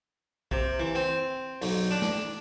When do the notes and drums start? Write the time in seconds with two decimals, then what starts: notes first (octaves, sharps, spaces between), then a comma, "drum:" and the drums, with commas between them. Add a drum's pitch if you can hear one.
0.51 C3, drum: kick B1
0.80 E3
0.95 C4
1.62 B1, drum: open hi-hat
1.91 D4
2.02 drum: snare